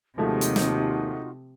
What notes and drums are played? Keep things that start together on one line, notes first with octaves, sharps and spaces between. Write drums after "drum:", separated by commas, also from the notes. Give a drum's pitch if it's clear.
D#2 C3 F3 G#3 A3 D#4 F4 F#4
drum: hi-hat
drum: snare